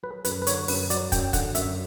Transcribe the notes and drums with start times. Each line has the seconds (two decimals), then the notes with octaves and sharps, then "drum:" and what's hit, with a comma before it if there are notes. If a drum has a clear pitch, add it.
0.03 F#3 B4
0.25 F#2 B4, drum: hi-hat
0.42 B4
0.47 D3 C#5, drum: hi-hat
0.68 F#2 B4, drum: open hi-hat
0.90 F#3 D5, drum: hi-hat
1.12 F#2 G5, drum: kick, hi-hat
1.33 D3 F#5, drum: kick, hi-hat
1.55 F#2 E5, drum: hi-hat